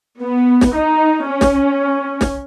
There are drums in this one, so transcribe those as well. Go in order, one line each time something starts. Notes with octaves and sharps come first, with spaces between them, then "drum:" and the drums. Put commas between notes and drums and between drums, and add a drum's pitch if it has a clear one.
B3
drum: snare
D#4
C#4
drum: snare
drum: snare